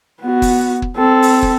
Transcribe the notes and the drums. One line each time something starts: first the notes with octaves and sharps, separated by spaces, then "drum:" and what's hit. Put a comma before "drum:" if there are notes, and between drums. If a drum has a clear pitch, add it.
B3 F#4
drum: kick, open hi-hat
drum: kick
C4 A4
drum: open hi-hat
drum: kick